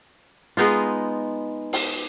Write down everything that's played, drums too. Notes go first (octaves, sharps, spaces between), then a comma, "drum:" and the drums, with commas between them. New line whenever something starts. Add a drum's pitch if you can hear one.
G#3 B3 D#4 F4
drum: open hi-hat